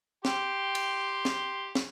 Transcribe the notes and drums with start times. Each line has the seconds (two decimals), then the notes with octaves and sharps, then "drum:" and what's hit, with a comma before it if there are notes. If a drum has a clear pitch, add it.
0.25 G4 G5 C6, drum: snare
0.75 drum: cymbal
1.25 drum: snare
1.75 drum: snare